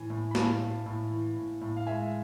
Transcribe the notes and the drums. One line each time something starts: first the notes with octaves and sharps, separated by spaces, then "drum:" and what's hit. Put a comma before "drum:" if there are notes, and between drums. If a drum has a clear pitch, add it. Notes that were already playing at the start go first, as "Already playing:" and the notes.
Already playing: A2 E3 G#5
A2
B5
A2 F5 A5, drum: snare
A2
A2
E3
A2
A2
F5
G#3 E5 G#5